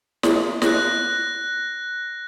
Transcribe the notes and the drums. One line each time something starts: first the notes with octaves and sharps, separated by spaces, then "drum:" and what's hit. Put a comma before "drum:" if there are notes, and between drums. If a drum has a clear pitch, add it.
drum: snare
F#6 A#6, drum: snare